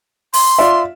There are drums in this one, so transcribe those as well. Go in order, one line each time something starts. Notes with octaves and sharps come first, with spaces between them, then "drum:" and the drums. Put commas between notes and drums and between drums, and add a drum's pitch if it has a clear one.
C6, drum: open hi-hat
F4 D5 E5